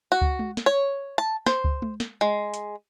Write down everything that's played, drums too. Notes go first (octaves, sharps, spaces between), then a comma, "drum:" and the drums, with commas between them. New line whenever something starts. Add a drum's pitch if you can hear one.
F#4
drum: kick C#2
drum: tom G#3
drum: snare
C#5
A5
C5, drum: snare
drum: kick C#2
drum: tom G#3
drum: snare
G#3
drum: hi-hat